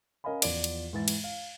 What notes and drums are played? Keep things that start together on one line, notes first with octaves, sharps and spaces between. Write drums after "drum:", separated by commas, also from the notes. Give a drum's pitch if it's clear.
C#4 A#4 D#5 F5 G#5 B5
E2 F3 F4 D5 D7, drum: cymbal
drum: cymbal
G#2 E3 A6
drum: cymbal
F5